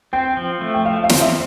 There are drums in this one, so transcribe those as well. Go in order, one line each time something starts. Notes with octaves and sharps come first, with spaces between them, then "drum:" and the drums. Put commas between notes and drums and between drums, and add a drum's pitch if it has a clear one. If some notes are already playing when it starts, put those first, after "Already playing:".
C4 G5
F3
A3
G5
F3 F5
F5
C4, drum: snare
E5